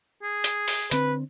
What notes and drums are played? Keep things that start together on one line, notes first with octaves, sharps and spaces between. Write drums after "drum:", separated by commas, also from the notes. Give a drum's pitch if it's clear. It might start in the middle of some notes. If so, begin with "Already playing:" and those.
G#4
drum: hi-hat
drum: open hi-hat
D3 C4 B4, drum: hi-hat